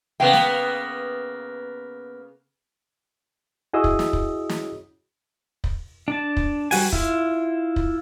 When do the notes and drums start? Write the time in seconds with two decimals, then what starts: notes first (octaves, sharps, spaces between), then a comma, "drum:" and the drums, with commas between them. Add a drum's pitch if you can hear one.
0.20 C#3 A#3 B3 F5 G5
0.33 drum: snare
3.73 E4 F#4 G#4 D#5 D#6 E6
3.84 drum: kick
3.99 drum: snare
4.13 drum: kick
4.49 drum: snare
5.64 drum: kick
6.08 D4 A5
6.37 drum: kick
6.71 G3 F#4 G#5, drum: open hi-hat
6.92 E4 F4, drum: kick
7.76 drum: kick